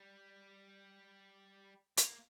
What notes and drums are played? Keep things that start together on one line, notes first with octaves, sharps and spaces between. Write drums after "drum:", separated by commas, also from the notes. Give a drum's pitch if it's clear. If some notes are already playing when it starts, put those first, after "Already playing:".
Already playing: G3
A#3, drum: hi-hat